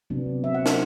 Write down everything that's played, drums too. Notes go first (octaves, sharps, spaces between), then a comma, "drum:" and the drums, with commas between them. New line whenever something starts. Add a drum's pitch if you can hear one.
C3 F#3 B3 D4
F#3 C4 E5
F#5
F#5, drum: snare